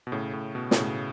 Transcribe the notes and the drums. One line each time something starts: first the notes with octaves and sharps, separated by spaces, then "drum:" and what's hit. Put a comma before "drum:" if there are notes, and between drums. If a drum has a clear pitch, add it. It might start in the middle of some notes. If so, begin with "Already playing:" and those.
B2
A2 C#3
A2
B2
B2, drum: snare
A2 C#3